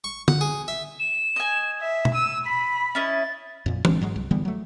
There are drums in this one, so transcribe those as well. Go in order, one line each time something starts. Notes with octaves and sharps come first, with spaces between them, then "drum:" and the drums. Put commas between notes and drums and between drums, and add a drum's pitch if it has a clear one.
C#6
F#5, drum: tom
G#4
E5
E7
D#5 G#5
E5
drum: tom B2
E6 D#7
B5 B6
C#4 E4 D#5 A6
F2 A#2
A1 G#3 C4 D4, drum: tom
G#2 F#3 G#3
C2
D3 E3 G3 B3
F#3 A3